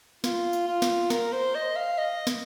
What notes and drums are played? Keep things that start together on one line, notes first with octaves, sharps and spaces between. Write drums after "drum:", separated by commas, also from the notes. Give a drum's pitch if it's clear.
F4, drum: snare
drum: tambourine
F4
drum: snare
A#4, drum: snare
C5
D#5
F5
D#5
drum: snare